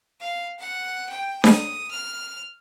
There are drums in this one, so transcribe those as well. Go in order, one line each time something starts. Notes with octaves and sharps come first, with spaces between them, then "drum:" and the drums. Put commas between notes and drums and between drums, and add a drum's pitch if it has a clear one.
F5
F#5
G5
D#6, drum: snare D4
F6